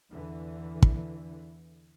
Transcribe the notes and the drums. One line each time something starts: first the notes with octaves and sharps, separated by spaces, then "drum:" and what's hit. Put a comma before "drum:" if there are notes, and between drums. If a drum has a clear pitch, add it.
E2 D3 E3
drum: kick